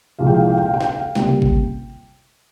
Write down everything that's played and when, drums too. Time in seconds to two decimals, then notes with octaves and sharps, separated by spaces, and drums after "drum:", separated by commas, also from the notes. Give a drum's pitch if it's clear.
0.19 C2 A#2 F3 G#3 F5
0.27 G5
0.34 F5
0.42 G5
0.50 F5
0.57 G5
0.65 F5
0.74 G5
0.81 F5, drum: snare
0.89 G5
0.96 F5
1.15 C#2 C3 G3 A#3 G5, drum: snare
1.42 drum: kick G#1